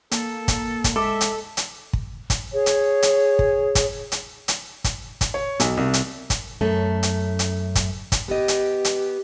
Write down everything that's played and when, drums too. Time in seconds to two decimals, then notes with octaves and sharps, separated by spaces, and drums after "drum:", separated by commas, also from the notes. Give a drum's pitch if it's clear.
0.11 A#3 A4, drum: hi-hat
0.48 drum: kick, hi-hat
0.84 drum: kick, hi-hat
0.96 G#3 A4 E5 D6
1.21 drum: hi-hat
1.57 drum: hi-hat
1.93 drum: kick
2.30 drum: kick, hi-hat
2.52 G#4 C#5
2.66 drum: hi-hat
3.03 drum: hi-hat
3.39 drum: kick
3.75 drum: kick, hi-hat
4.12 drum: hi-hat
4.48 drum: hi-hat
4.84 drum: kick, hi-hat
5.21 drum: kick, hi-hat
5.34 C#5
5.60 B1, drum: hi-hat
5.77 C2
5.94 drum: hi-hat
6.30 drum: kick, hi-hat
6.61 F#2 A3 C#4
7.03 drum: hi-hat
7.39 drum: hi-hat
7.75 drum: kick, hi-hat
8.12 drum: kick, hi-hat
8.28 B3 G4 D#5
8.48 drum: hi-hat
8.85 drum: hi-hat